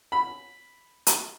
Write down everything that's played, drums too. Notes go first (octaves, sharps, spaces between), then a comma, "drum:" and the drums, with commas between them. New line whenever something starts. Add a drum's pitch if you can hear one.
B5
drum: hi-hat